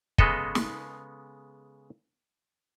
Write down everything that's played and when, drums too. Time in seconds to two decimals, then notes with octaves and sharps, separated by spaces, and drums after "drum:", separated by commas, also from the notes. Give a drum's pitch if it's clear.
0.18 C#3 G#3 B3 A4 D#5, drum: kick
0.55 drum: snare